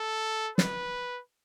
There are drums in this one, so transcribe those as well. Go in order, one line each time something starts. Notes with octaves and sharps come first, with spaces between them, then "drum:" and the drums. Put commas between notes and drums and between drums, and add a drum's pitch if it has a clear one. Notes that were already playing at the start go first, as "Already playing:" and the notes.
Already playing: A4
B4, drum: snare